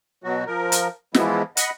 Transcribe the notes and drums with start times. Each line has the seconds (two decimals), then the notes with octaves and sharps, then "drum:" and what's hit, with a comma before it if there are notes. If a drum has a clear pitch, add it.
0.24 B2 F#3 F#4
0.46 F3 A#4
0.72 drum: hi-hat
1.14 E3 F3 G#3 B3 E4, drum: snare
1.57 D#5 F#5 B5, drum: hi-hat